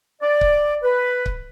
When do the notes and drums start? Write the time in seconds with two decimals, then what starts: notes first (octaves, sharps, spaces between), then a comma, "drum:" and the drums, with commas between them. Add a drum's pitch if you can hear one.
0.22 D5
0.41 drum: kick C#1
0.83 B4
1.26 drum: kick C#1